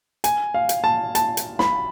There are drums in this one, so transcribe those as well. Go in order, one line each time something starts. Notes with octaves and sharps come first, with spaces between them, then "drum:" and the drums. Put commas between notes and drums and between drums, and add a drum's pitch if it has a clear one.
G#5, drum: hi-hat
F5
drum: hi-hat
A5
A5, drum: hi-hat
drum: hi-hat
B5, drum: snare